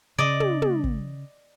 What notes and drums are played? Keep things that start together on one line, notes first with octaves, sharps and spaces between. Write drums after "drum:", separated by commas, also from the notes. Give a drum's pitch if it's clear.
C#3 D5 D#5
drum: tom
drum: tom
drum: kick